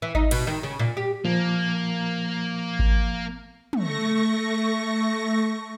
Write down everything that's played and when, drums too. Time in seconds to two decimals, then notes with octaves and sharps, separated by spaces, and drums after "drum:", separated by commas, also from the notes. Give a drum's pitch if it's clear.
0.02 E3
0.15 D#4, drum: kick G#1
0.31 B2, drum: cymbal
0.47 D#3
0.63 C#3
0.79 A#2
0.97 G4
1.25 A#2 F3 A#3
2.79 drum: kick G#1
3.73 A3 C#6 A#6, drum: tom